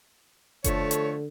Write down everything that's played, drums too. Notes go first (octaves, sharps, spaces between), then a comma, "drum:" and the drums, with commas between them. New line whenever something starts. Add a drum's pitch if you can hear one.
D3 F3 A3 C#5, drum: kick F#1, hi-hat
drum: hi-hat